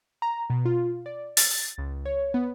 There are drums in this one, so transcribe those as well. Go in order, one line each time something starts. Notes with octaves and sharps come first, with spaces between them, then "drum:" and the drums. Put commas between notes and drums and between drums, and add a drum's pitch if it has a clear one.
A#5
B2
F4
D5
A6, drum: open hi-hat
C#2
C#5
B3